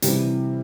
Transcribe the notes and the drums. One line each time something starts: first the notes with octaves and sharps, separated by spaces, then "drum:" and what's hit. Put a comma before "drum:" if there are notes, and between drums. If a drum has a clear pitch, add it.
C3 E3 G3, drum: hi-hat